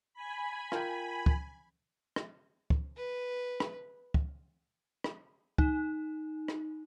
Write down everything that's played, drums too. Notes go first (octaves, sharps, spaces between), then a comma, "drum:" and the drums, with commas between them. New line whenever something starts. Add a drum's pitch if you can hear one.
G#5 B5
F4 A#4 G5, drum: rim click
drum: kick
drum: rim click
drum: kick
B4
drum: rim click
drum: kick
drum: rim click
D#4, drum: kick
drum: rim click